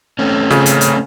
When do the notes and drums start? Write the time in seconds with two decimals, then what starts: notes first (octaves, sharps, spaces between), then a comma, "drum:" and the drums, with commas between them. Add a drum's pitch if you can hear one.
0.19 A3 C4 C#4
0.51 C#3, drum: snare F4
0.66 drum: hi-hat
0.81 drum: hi-hat